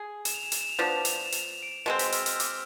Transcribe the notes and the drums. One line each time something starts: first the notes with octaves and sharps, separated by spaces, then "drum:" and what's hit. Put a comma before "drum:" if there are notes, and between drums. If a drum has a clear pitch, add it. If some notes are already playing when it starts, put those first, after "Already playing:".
Already playing: G#4
E7, drum: hi-hat
F7
E7
F7, drum: hi-hat
E7
F7
F3 B3 D4 E7
F7
E7
F7, drum: hi-hat
E7
E7
F7, drum: hi-hat
F7
D7
E7
B2 G#3 C4 E7
B6, drum: hi-hat
E6
F6, drum: hi-hat
E6, drum: hi-hat
D6, drum: hi-hat